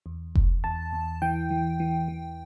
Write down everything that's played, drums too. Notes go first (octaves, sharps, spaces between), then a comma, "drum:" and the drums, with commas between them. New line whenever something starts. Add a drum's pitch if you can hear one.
E2
E2, drum: kick F1
E2 A5
E2
E3 G5
E3
E3
E3